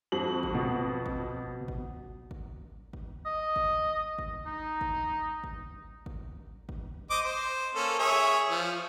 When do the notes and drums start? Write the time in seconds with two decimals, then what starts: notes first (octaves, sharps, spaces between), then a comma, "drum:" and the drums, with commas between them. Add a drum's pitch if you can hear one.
0.12 F2 F#4 F#7
0.43 drum: kick G1
0.55 B2
1.06 drum: kick G1
1.68 drum: kick G1
2.31 drum: kick G1
2.93 drum: kick G1
3.26 D#5
3.56 drum: kick G1
4.18 drum: kick G1
4.46 D#4
4.81 drum: kick G1
5.44 drum: kick G1
6.06 drum: kick G1
6.69 drum: kick G1
7.10 C5 D#5 D6
7.24 C5
7.75 A#3 C#4 A4
7.99 G#4 C#5 E5
8.50 F3